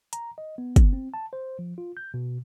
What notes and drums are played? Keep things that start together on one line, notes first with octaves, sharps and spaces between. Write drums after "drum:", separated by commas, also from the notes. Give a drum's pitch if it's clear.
A#5, drum: hi-hat
D#5
B3
drum: kick, hi-hat
C4
A5
C5
F3
F4
G6
B2